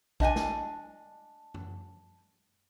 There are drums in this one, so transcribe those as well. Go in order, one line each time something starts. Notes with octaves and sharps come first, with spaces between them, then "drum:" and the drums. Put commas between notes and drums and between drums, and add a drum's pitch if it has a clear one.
D4 D#5 F#5 G#5, drum: kick A#1
drum: snare
drum: tom F#2